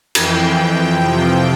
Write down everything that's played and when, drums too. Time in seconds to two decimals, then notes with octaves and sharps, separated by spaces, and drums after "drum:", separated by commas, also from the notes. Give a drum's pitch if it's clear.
0.15 F2 E3 G5, drum: cymbal
0.99 F2 C3 F3